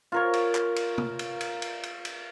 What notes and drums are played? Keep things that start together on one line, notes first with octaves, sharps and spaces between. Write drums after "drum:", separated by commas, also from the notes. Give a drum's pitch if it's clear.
F4 A#4 C#5
drum: cymbal
drum: clap
drum: cymbal
drum: tom
drum: cymbal
drum: cymbal
drum: cymbal
drum: cymbal
drum: cymbal